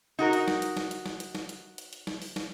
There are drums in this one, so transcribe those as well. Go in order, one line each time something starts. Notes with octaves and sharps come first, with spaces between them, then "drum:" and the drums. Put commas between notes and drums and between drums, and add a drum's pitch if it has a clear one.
D#4 F#4 A#4
drum: hi-hat
drum: snare
drum: hi-hat
drum: snare
drum: hi-hat
drum: snare
drum: hi-hat
drum: snare
drum: hi-hat
drum: hi-hat
drum: hi-hat
drum: snare
drum: open hi-hat
drum: snare